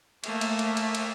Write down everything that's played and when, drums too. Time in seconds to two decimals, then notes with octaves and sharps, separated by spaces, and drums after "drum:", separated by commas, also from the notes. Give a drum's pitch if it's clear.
0.24 A3 A#3, drum: cymbal
0.41 drum: cymbal
0.59 drum: cymbal
0.77 drum: cymbal
0.95 drum: cymbal